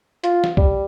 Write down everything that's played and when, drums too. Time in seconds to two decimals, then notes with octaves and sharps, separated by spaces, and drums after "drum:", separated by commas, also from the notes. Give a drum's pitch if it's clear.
0.24 F4, drum: hi-hat
0.44 drum: snare
0.57 G3, drum: kick C2